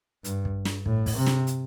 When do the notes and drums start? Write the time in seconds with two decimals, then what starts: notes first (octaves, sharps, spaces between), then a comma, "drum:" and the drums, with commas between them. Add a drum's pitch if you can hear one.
0.24 G2, drum: hi-hat
0.45 drum: kick
0.65 drum: snare
0.86 A2, drum: kick
1.06 drum: kick, open hi-hat
1.17 C3
1.26 drum: snare
1.47 drum: hi-hat